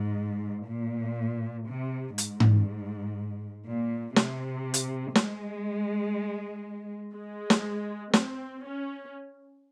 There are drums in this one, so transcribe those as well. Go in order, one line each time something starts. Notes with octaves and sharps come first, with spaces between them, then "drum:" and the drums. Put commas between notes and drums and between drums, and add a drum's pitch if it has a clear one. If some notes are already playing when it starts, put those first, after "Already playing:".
Already playing: G#2
A#2
C3
G#2, drum: hi-hat
drum: tom G#2
A#2
C3, drum: snare
drum: hi-hat
G#3, drum: snare
G#3
drum: snare
C4, drum: snare
C#4